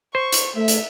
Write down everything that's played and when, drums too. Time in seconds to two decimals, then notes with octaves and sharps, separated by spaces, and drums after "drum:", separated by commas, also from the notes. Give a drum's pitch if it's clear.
0.15 C5 C#6
0.32 drum: hi-hat
0.56 A3 E5
0.68 drum: hi-hat